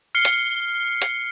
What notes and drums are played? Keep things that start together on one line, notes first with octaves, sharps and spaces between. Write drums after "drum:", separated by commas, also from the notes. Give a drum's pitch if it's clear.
F6 C7 C#7 G7
drum: hi-hat
drum: hi-hat